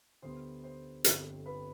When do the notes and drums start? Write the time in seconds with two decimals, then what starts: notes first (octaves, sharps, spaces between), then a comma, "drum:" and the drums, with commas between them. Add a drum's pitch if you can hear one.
0.22 D2 D3 G3 B3 C5 C6
0.64 C5 C6
1.04 G1 F2 D3 G3 C4, drum: hi-hat
1.46 B4 B5